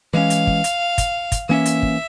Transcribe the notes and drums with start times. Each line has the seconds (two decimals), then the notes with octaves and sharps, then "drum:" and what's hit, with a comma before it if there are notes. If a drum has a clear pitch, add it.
0.13 E3 G#3 C#4 F5
0.30 drum: hi-hat
0.47 drum: kick
0.64 drum: hi-hat
0.98 drum: kick, hi-hat
1.32 drum: kick, hi-hat
1.49 E3 A#3 C#4 E5
1.66 drum: hi-hat
1.82 drum: kick